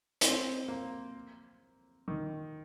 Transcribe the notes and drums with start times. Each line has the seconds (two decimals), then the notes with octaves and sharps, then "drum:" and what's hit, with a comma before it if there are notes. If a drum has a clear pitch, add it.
0.21 C4, drum: hi-hat
0.68 A#3
2.08 D#3